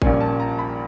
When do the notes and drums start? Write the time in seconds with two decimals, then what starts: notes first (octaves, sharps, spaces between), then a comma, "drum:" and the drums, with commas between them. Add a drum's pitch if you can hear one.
0.02 A#1 A#2 G3 A#3 C#4 G#5, drum: kick A1
0.20 A5
0.40 A#5
0.59 B5